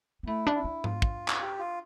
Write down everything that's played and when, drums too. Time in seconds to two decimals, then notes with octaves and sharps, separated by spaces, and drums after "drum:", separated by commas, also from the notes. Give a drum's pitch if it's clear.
0.23 B3
0.27 A3 E4
0.47 D4
0.55 E4
0.64 D4
0.84 F4, drum: tom G#2
1.02 drum: kick
1.28 drum: clap
1.41 G4
1.59 F4